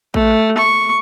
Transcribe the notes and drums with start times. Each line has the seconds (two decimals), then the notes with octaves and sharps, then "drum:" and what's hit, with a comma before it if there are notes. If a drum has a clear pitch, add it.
0.14 A3, drum: kick A1
0.57 C#6